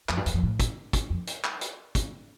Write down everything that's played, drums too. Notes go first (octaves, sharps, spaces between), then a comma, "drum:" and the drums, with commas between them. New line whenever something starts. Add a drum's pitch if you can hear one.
F2, drum: clap
G2
E2, drum: hi-hat
F2
A2
drum: kick, hi-hat
drum: kick, hi-hat
F2
drum: hi-hat
drum: clap
drum: hi-hat
drum: kick, hi-hat